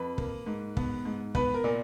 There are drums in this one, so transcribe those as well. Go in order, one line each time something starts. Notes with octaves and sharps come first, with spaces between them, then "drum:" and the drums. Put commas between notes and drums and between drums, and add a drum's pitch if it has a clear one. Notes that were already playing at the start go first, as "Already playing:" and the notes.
Already playing: F2 B4
A#3, drum: kick
G#2
B3, drum: kick
G#2
B3 B4, drum: kick
A#4
A#2